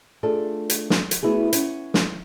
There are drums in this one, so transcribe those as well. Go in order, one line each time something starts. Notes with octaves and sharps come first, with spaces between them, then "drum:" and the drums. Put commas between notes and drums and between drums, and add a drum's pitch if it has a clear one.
A3 D4 F4 G#4 A4 D5
drum: hi-hat
drum: snare
drum: hi-hat
A3 B3 E4 F#4 G#4
C#4 F#5, drum: hi-hat
drum: snare